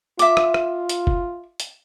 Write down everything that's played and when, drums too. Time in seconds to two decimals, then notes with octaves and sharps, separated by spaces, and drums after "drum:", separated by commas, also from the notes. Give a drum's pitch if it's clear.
0.19 F4 E5 D6, drum: hi-hat
0.37 drum: rim click
0.54 drum: rim click
0.89 drum: hi-hat
1.07 drum: kick
1.60 drum: hi-hat